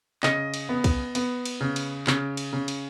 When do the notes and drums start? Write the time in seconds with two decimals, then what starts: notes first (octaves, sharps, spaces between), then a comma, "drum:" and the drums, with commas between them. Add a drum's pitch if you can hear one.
0.23 C#3 D#5, drum: clap
0.54 drum: cymbal
0.69 B3
0.84 drum: kick B1, cymbal
1.15 B3, drum: cymbal
1.45 drum: cymbal
1.61 C#3
1.76 drum: cymbal
2.07 C#3, drum: clap
2.37 drum: cymbal
2.53 C#3
2.68 drum: cymbal